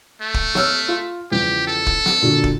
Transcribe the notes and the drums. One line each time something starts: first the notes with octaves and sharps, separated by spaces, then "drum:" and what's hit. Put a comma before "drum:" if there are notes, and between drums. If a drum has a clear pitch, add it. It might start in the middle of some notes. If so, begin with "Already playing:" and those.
A3
drum: kick
C#5 E6 F6, drum: snare
F4
E2 C#3 F3 G4
A4
drum: kick
drum: snare
A#2 D3 F#4
drum: kick